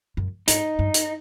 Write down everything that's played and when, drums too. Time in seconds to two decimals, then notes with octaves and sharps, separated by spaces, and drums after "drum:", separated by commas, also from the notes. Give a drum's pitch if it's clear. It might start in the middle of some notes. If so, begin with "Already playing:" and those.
0.17 F#2
0.48 G#2 D#4, drum: hi-hat
0.79 G2
0.94 drum: hi-hat